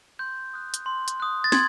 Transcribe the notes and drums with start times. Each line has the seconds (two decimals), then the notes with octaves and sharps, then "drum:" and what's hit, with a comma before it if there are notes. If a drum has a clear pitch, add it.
0.19 C6 G6
0.54 D#6 F#6
0.74 drum: hi-hat
0.86 C6
1.08 drum: hi-hat
1.20 D#6 F#6
1.44 A6
1.52 C6 G#6, drum: snare